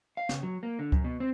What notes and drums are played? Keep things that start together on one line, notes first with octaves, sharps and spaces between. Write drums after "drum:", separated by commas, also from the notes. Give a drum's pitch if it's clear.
F5
C#3, drum: snare
F#3
A#3
D3
F#2, drum: kick C#2
B2
C4